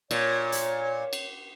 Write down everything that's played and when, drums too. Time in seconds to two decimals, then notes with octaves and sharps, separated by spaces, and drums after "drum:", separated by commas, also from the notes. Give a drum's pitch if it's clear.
0.11 A#2 C#5, drum: cymbal
0.52 drum: hi-hat
1.13 drum: cymbal